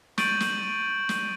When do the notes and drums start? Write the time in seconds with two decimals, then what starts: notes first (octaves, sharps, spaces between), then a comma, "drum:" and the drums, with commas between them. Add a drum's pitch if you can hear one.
0.18 C#6 G6 A6 D7 D#7 F#7, drum: snare
0.40 drum: snare
1.09 drum: snare